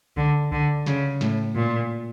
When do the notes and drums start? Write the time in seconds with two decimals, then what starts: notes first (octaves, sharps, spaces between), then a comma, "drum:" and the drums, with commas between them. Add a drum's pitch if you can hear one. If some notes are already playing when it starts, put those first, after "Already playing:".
0.17 D3, drum: kick C2
0.52 D3, drum: kick C2
0.86 C#3, drum: snare
1.21 A2, drum: snare
1.55 A#2